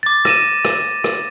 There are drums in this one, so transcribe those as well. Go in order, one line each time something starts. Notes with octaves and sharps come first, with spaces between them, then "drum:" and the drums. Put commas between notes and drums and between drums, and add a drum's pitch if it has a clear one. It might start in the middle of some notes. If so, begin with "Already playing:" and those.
D6 A6
A#6 D#7 E7, drum: rim click
drum: rim click
drum: rim click